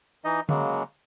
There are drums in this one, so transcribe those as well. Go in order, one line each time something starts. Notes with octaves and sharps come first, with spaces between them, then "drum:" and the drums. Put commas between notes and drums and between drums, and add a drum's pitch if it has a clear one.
E3 D#4 D#5
C#3 F#3 G#3 A#3, drum: tom D3